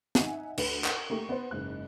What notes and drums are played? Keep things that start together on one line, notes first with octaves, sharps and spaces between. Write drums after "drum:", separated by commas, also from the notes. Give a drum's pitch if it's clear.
D#4 E5 F#5 G#5, drum: snare
D2 B4, drum: cymbal
A#4 F#5, drum: clap
A3 A#3 G4 C#6
B3 B4 C5
F#1 G#2 F#6